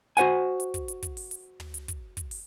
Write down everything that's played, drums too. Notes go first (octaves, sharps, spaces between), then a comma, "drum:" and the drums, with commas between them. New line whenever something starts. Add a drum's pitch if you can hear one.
F#4 C5 F#5 G#5, drum: hi-hat
drum: hi-hat
drum: kick, hi-hat
drum: hi-hat
drum: kick, hi-hat
drum: open hi-hat
drum: hi-hat
drum: tom
drum: hi-hat
drum: kick, hi-hat
drum: kick, hi-hat
drum: open hi-hat